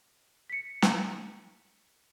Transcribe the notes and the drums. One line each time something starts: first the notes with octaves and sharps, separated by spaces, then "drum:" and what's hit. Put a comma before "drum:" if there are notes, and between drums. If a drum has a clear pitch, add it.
B6 C#7
drum: snare